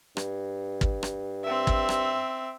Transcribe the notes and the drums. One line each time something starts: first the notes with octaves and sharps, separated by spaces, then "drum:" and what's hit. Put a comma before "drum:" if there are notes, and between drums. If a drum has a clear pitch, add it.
G2, drum: rim click
drum: kick
drum: rim click
C4 E5
drum: kick
drum: rim click